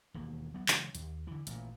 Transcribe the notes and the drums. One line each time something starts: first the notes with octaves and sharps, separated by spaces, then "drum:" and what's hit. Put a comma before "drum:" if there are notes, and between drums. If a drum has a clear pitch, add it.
E1 D#2 D#3 A#3
F#3 B3
C#3 E3 F#3 G#3, drum: clap
D#2, drum: hi-hat
D3 E3
A1 A#2, drum: hi-hat